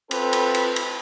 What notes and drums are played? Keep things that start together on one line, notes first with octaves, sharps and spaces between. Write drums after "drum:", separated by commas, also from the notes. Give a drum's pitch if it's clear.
C4 F4 A4 B4, drum: cymbal
drum: cymbal
drum: cymbal
drum: cymbal